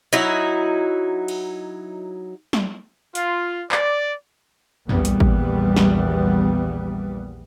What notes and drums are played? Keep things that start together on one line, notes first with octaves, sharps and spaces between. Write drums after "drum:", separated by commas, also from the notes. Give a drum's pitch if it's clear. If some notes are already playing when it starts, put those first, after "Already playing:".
F#3 D#4 E4
drum: cymbal
drum: snare
F4, drum: hi-hat
D5, drum: clap
A#1 E2 A#2 G3 B3, drum: tom
drum: hi-hat
drum: kick A1
drum: snare